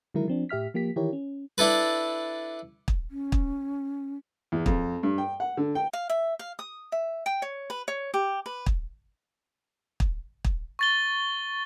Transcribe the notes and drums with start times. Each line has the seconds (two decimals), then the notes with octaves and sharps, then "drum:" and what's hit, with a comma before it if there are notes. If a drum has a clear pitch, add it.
0.14 D3 D#3 F#3 G#3 E4 A#4
0.28 F3 C4 D4
0.49 A2 G4 E5 F6 B6
0.74 F3 A#3 G4 B6
0.96 D#3 E3 E4 G4 A#4 C#5
1.13 C#4
1.58 D4 E4 A4 B4
2.88 drum: kick
3.09 C#4
3.32 drum: kick
4.52 E2
4.66 F2, drum: kick
5.03 G2
5.18 G5
5.40 F#5
5.57 D3
5.75 G5
5.93 F5
6.10 E5
6.39 F5
6.59 D#6
6.92 E5
7.26 G5
7.42 C#5
7.70 B4
7.88 C#5
8.14 G4
8.46 B4
8.66 drum: kick
10.00 drum: kick
10.44 drum: kick
10.79 C#6 A6 G7